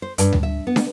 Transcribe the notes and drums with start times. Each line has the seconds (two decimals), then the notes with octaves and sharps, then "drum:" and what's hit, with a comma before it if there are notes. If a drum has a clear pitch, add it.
0.02 C5
0.18 G2, drum: hi-hat
0.33 drum: tom D2
0.43 E5
0.67 B3
0.76 drum: snare